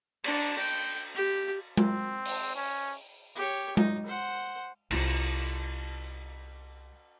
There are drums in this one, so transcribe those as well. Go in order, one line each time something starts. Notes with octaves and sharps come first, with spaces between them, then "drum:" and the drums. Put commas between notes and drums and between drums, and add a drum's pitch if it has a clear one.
D4, drum: cymbal
G5
G4
C4, drum: tom G#3
drum: open hi-hat
C#4
G4 C#5
D#4, drum: tom G#3
C5 F#5
C2 F4, drum: cymbal